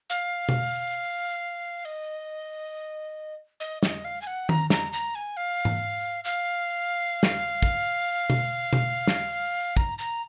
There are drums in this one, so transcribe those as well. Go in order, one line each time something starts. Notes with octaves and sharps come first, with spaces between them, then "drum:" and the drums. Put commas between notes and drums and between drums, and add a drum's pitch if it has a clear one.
F5
drum: tom B2
D#5
D#5
D#5, drum: snare
F5
G#5
F#5
A#5, drum: tom D#3
A#5, drum: snare
A#5
G#5
F5
drum: tom G#2
F5
drum: snare
drum: kick
drum: tom B2
drum: tom B2
drum: snare
A#5, drum: kick
A#5